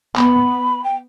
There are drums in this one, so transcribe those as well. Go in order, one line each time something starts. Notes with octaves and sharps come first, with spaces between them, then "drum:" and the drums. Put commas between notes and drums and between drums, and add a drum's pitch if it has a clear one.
B3 B5, drum: clap
G5